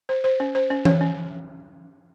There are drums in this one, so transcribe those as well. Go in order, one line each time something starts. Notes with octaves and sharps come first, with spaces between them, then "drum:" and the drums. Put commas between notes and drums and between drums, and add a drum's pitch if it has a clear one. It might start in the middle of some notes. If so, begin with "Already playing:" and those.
C5
C5
C#4
C5
C#4
C#5, drum: tom E3
C#4